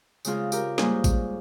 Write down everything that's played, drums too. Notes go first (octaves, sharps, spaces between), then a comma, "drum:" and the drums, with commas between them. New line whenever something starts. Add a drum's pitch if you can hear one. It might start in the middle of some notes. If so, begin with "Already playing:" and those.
C#3 G#3 C4 F4 G#4, drum: tambourine
G4 A#4, drum: tambourine
G#2 G3 A#3 C#4 G#4 C5, drum: snare
drum: kick A1, tambourine